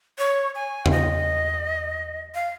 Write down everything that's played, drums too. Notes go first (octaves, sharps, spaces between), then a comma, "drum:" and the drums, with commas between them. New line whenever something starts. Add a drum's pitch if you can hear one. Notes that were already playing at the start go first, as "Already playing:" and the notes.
C#5
G#5
C#5, drum: tom E2
D#5
F5